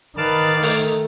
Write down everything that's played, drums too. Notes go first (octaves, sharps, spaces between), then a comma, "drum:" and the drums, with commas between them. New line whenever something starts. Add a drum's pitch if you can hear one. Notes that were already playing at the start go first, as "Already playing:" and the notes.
D#3 B4 D5 F5 A5
A3, drum: open hi-hat